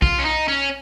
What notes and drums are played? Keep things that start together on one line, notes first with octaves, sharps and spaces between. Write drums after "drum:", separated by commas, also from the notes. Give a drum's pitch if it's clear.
F4, drum: kick A1
C#4
D#4
C#4